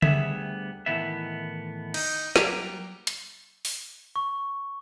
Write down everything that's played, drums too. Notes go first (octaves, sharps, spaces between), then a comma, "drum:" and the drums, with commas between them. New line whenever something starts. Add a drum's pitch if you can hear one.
D2 G3 B3 G#4 E5, drum: tom C#3
A2 D#3 E3 B3 E5
D#4, drum: cymbal
F#3 G3 A#3 G4 A#4, drum: snare
drum: hi-hat
drum: open hi-hat
C#6